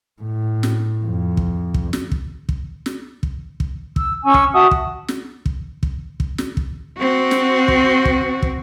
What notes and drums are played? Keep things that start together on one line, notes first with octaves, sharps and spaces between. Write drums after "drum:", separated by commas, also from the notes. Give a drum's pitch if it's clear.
A2
drum: snare
F2
drum: kick
drum: kick
drum: snare
drum: kick
drum: kick
drum: snare
drum: kick
drum: kick
E6, drum: kick
C#4 G#5 C#6 E6
drum: kick
F#4 E5 A5 D#6
drum: kick
drum: snare
drum: kick
drum: kick
drum: kick
drum: snare
drum: kick
C4 F#4
drum: snare
drum: kick
drum: kick
drum: kick